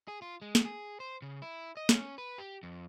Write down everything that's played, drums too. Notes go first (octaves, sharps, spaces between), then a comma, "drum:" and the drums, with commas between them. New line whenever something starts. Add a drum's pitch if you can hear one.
G#4
F4
G#3
drum: snare
G#4
C5
C#3
E4
D#5
C#4, drum: snare
B4
G4
F2